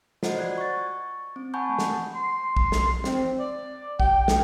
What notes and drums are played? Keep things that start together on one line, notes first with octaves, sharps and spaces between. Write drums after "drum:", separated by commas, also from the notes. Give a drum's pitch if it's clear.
F4 F#4 C5 D#5 F#5, drum: snare
D5 F#6 G#6
C#6 A6
C4
F#5 G#5 A5 B5 C#6 G6
A3
drum: snare
C6
drum: kick
drum: snare
C4, drum: snare
D5
G5, drum: kick
drum: snare